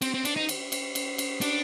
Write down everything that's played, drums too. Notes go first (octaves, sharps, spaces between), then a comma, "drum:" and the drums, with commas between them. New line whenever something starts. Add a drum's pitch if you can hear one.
C4, drum: cymbal
C4
D4, drum: cymbal
D#4
drum: cymbal
drum: cymbal
drum: cymbal
drum: cymbal
D4, drum: cymbal